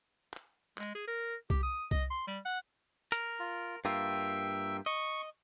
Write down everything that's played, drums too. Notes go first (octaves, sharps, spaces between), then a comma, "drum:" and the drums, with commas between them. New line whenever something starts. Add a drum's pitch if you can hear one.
drum: clap
G#3, drum: clap
G#4
A#4
G4, drum: kick C2
D#6
D#5, drum: kick C2
C6
G3
F#5
A#4, drum: hi-hat
F4
G2 A#3 F4 E5 G5
D#5 C#6